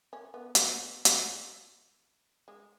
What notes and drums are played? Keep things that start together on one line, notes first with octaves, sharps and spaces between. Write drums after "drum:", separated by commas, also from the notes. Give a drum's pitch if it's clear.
C#4
B3
B3, drum: hi-hat
drum: hi-hat
G#3